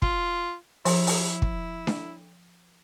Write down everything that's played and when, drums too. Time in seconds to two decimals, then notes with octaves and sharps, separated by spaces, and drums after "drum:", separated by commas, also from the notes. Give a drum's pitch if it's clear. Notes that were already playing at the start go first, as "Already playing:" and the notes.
0.02 F4, drum: kick
0.85 F3 E4, drum: open hi-hat
1.07 drum: open hi-hat
1.42 drum: kick
1.87 drum: snare D4